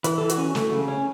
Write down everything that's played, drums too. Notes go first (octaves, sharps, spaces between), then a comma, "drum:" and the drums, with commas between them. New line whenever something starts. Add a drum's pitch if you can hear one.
E3 B4, drum: hi-hat
E3 A4
F#4, drum: hi-hat
C#4
A3, drum: snare
C#3
C#4